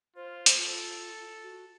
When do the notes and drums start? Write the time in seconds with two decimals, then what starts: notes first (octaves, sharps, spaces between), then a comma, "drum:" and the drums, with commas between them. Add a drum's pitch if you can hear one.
0.16 F4 C5
0.46 drum: hi-hat
0.56 F4 A4
1.43 F#4